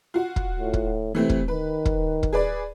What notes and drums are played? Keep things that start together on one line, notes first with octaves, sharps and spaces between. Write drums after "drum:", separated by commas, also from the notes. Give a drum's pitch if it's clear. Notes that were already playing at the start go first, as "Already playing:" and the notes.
F4 F#4
drum: kick
A2
drum: kick
C3 E3 A3 C4
drum: kick
D#3 B4
drum: kick
drum: kick
G#4 B4 D5